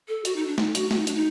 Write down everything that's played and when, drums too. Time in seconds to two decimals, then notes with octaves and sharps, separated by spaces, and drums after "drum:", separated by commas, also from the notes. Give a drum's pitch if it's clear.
0.08 A4
0.25 F#4, drum: hi-hat
0.36 D#4
0.47 D4
0.58 D#4, drum: snare A3
0.75 F#4, drum: hi-hat
0.91 F#4, drum: snare A3
0.99 D#4
1.07 D4, drum: hi-hat
1.15 D#4